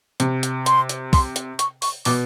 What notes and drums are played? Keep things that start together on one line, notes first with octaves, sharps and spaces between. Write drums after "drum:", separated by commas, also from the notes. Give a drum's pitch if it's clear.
C3, drum: hi-hat
drum: hi-hat
C6, drum: hi-hat
drum: hi-hat
C6, drum: kick, open hi-hat
drum: hi-hat
C#6, drum: hi-hat
C#6, drum: open hi-hat
B2 D6, drum: open hi-hat